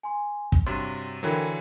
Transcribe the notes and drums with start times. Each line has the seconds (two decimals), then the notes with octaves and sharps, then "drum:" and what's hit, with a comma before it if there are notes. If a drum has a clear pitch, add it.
0.03 G#5 C6
0.52 drum: kick
0.66 G2 C3 F#3 C6
1.23 D3 E3 F#3 A#4 G5 B5